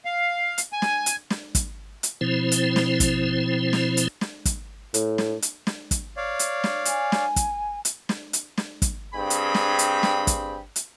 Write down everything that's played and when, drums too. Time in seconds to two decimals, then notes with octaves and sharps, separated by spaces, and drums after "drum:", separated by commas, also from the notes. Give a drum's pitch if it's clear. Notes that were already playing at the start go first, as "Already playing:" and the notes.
0.05 F5
0.58 drum: hi-hat
0.73 G#5
0.82 drum: snare
1.06 drum: hi-hat
1.30 drum: snare
1.55 drum: kick, hi-hat
2.03 drum: hi-hat
2.21 B2 F3 C4 E4 C5
2.52 drum: hi-hat
2.76 drum: snare
3.00 drum: kick, hi-hat
3.73 drum: snare
3.97 drum: hi-hat
4.21 drum: snare
4.45 drum: kick, hi-hat
4.94 A2, drum: hi-hat
5.18 drum: snare
5.42 drum: hi-hat
5.67 drum: snare
5.91 drum: kick, hi-hat
6.17 C#5 D5 F5
6.39 drum: hi-hat
6.64 drum: snare
6.85 G#5, drum: hi-hat
7.12 drum: snare
7.36 drum: kick, hi-hat
7.85 drum: hi-hat
8.09 drum: snare
8.33 drum: hi-hat
8.57 drum: snare
8.82 drum: kick, hi-hat
9.15 G2 C4 G#4 G5 B5
9.30 drum: hi-hat
9.54 drum: snare
9.79 drum: hi-hat
10.03 drum: snare
10.27 drum: kick, hi-hat
10.76 drum: hi-hat